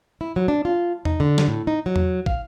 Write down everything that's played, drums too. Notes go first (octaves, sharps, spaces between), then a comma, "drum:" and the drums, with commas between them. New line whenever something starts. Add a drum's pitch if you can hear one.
E4
F#3
D4
F4
D#4, drum: tom E2
D3
drum: snare
A2
D#4
F#3
drum: tom E2
F5, drum: kick